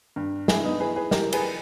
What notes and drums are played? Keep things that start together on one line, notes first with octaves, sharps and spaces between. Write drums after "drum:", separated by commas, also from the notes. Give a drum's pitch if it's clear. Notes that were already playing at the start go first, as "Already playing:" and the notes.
G2
G2 E4 G#4, drum: snare
B3 D#4
E3 G#4 B4
G#4 B4
E3 G4 A#4, drum: snare
G#4 B4, drum: cymbal